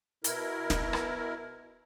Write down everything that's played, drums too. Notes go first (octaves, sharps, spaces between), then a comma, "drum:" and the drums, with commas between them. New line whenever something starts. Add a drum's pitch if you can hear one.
B2 E4 A#4, drum: hi-hat
drum: snare
drum: rim click